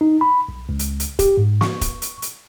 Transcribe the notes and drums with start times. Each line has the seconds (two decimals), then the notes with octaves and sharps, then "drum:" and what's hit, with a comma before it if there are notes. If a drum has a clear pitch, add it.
0.01 D#4
0.21 B5
0.49 B1
0.69 C#2
0.79 drum: hi-hat
1.00 drum: hi-hat
1.19 G4, drum: kick E1, hi-hat
1.37 G#2
1.61 C#6, drum: snare
1.81 drum: kick E1, hi-hat
2.02 drum: hi-hat
2.22 drum: hi-hat